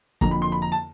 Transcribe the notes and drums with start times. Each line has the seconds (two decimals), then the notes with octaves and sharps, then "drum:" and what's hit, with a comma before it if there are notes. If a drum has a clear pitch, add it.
0.21 F2 D3 F3 A#3 A#5, drum: kick
0.31 B5
0.42 C6
0.52 B5
0.62 A#5
0.72 A5